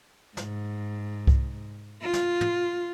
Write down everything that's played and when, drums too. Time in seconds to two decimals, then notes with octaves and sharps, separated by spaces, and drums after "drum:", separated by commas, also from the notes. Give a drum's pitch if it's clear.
0.37 G#2, drum: snare
1.27 drum: kick C2
2.02 F4
2.13 drum: snare
2.41 drum: tom